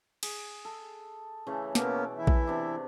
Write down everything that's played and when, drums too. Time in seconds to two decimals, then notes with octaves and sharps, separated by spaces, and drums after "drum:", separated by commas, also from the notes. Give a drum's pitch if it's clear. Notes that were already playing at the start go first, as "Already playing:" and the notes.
0.23 G#4, drum: cymbal
0.65 A4
1.47 C#3 E3 A3
1.75 B2 A#3 B3 C#4 D6, drum: snare
2.18 E3 E4 E5
2.27 drum: kick A#1
2.47 C3 D4